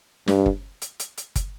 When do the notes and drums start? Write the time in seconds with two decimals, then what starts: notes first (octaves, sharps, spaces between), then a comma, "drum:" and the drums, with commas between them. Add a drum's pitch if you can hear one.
0.28 G2, drum: snare
0.46 drum: kick
0.82 drum: hi-hat
1.00 drum: hi-hat
1.18 drum: hi-hat
1.36 drum: kick, hi-hat